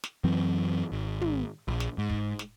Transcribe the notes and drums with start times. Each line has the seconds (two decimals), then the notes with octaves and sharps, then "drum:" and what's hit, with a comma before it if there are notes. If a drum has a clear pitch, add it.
0.04 drum: snare
0.24 F#2 E3 F#3 C4
0.92 G#1
1.21 drum: tom
1.68 A#1
1.80 drum: snare
1.98 G#2
2.10 drum: kick
2.39 drum: snare